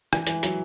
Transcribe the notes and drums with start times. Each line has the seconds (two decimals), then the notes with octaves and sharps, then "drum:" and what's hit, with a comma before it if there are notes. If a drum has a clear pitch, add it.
0.13 E3, drum: rim click
0.27 E3, drum: hi-hat
0.43 F#3, drum: hi-hat